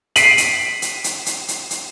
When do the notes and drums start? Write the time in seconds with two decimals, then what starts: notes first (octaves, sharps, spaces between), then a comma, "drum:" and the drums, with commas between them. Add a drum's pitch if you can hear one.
0.16 B6 C7 D7 D#7 F#7, drum: hi-hat
0.38 drum: hi-hat
0.82 drum: hi-hat
1.04 drum: hi-hat
1.26 drum: hi-hat
1.48 drum: hi-hat
1.71 drum: hi-hat